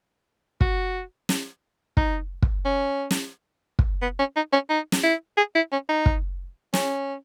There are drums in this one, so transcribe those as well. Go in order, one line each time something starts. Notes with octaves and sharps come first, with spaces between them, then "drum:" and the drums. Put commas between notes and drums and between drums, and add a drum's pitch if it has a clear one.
F#4, drum: kick
drum: snare
D#4, drum: kick
drum: kick
C#4
drum: snare
drum: kick
B3
C#4
D#4
C#4
D#4
drum: snare
E4
G#4
E4
C#4
D#4
drum: kick
C#4, drum: snare